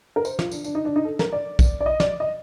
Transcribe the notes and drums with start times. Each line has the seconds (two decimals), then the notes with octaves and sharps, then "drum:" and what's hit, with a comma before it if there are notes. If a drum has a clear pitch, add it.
0.16 A#4
0.25 C5, drum: tambourine
0.39 F4, drum: snare
0.52 D4, drum: tambourine
0.64 D4, drum: tambourine
0.75 D#4
0.85 D4
0.96 D#4
1.05 A4
1.19 A#4, drum: snare
1.32 D5
1.59 drum: kick, tambourine
1.81 D5
1.86 D#5
2.00 D5, drum: snare
2.20 D#5